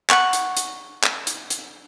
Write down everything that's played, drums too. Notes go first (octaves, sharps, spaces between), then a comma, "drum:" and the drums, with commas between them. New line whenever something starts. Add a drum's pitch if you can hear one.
F#5 C#6, drum: clap
drum: hi-hat
drum: hi-hat
drum: clap
drum: hi-hat
drum: hi-hat